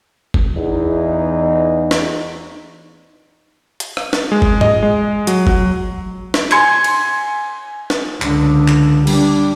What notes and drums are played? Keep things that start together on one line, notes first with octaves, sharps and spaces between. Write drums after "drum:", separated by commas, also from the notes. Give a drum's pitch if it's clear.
drum: kick G1
E2 D#4
drum: snare
drum: hi-hat
drum: rim click
drum: snare
G#3
drum: kick G1
D#5, drum: tom
G#3
F#3, drum: hi-hat
F#3, drum: kick G1
drum: snare
G#5 C6 G#6 C#7, drum: clap
drum: cymbal
drum: snare
C#2 D3, drum: clap
drum: clap
G3 D4, drum: cymbal